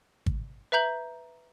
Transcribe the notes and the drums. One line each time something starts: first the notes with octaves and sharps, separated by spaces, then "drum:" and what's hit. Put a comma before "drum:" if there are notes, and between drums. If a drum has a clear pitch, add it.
drum: kick
B4 E5 A#5 G6 F#7